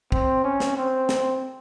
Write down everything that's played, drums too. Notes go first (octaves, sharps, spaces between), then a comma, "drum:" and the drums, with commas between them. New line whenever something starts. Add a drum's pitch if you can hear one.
C4, drum: kick
C#4
drum: snare
C4
drum: snare